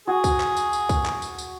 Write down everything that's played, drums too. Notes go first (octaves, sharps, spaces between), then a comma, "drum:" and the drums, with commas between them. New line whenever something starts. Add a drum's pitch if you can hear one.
F#4 G#4
drum: kick, tambourine
drum: clap
drum: tambourine
drum: tambourine
drum: kick, tambourine
drum: clap
drum: tambourine
drum: tambourine